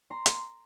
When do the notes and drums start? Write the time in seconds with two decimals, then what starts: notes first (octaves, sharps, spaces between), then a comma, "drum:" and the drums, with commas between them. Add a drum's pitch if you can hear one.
0.10 A#5 C6
0.26 drum: hi-hat